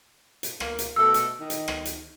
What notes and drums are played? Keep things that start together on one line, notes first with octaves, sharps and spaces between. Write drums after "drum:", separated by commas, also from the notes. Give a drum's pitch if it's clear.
drum: hi-hat
A#3, drum: rim click
drum: hi-hat
B2 A3 A4 E6
drum: hi-hat
D#3
drum: hi-hat
drum: rim click
drum: hi-hat